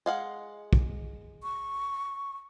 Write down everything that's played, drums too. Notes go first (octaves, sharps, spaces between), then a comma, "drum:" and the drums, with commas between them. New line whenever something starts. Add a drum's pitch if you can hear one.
G#3 F5 F#5
drum: kick
C#6